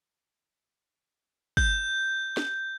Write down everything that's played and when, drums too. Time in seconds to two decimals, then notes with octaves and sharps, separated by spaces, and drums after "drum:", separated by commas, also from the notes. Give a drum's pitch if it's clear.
1.57 G6, drum: kick
2.37 drum: snare